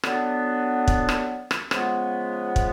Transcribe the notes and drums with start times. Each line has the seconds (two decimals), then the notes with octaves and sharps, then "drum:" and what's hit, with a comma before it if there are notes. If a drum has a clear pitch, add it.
0.03 D3 F#3 B3 D4, drum: rim click
0.88 drum: kick
1.09 drum: rim click
1.51 drum: rim click
1.71 C#3 F3 G#3 B3, drum: rim click
2.56 drum: kick